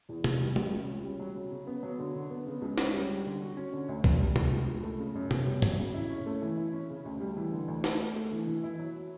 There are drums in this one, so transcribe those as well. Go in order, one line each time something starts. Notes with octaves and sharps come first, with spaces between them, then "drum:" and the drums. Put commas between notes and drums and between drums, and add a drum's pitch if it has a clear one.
E2
E2, drum: tom C3
G3
C#3, drum: tom
C#2
C#4
G3
F#3
C#3
C#3
B3
F#3
D3
D3
B3
C#3
C#2
C#4, drum: snare
G3
G3
D3
F#4
C#4
D3
D2
D4, drum: kick B1
G3
B2, drum: tom C3
C#2
C#2
A3
C#3
F#2
B3, drum: tom C3
G3
F#3, drum: tom G2
C#3
E4
C#4
A3
E3
E4
C#4
C#3
D2
G3
E3
D3
D2
D4, drum: snare
A3
A3
E3
E3
E4
F#3